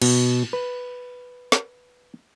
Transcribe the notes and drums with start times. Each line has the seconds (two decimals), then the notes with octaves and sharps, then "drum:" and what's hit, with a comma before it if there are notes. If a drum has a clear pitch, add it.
0.02 B2, drum: cymbal
0.53 B4
1.52 drum: snare